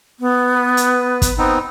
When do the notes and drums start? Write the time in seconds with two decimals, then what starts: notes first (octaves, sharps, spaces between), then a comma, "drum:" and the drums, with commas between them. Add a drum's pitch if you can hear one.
0.20 B3
0.55 B4
0.77 drum: hi-hat
1.22 drum: kick, hi-hat
1.38 B3 C4 D#4